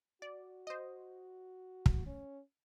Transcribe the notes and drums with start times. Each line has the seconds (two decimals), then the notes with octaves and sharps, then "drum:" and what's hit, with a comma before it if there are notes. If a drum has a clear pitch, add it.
0.22 F#4 D5
0.67 C5 D#5
1.86 drum: kick
2.06 C#4